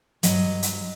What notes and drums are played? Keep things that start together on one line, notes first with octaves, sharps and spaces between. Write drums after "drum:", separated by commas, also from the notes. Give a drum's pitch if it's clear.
G2 D#3 F#3 D#5, drum: hi-hat
drum: hi-hat